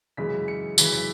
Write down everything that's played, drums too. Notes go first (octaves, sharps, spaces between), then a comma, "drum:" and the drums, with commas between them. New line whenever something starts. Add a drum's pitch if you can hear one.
F#2 C#3 E3 G#3 B6
C#7
F#2 C#3 E3 G#3 B6, drum: tambourine
B6